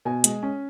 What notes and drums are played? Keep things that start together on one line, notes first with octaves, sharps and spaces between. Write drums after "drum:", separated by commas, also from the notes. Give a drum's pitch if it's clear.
B2 G#5
G#3, drum: hi-hat
C#4